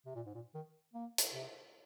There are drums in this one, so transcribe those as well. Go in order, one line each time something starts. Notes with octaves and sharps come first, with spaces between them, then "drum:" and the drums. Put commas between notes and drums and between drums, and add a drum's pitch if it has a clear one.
C3
A#2
G#2
A#2
D#3
A#3
drum: hi-hat
C3